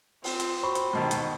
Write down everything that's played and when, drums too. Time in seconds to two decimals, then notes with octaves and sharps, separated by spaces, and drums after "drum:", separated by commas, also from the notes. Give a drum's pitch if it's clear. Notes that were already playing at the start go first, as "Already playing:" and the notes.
0.24 C4 F4, drum: open hi-hat
0.40 drum: hi-hat
0.63 F#4 C5 B5 C#6
0.75 drum: hi-hat
0.93 G#2 B2 D#3 A5
1.11 drum: hi-hat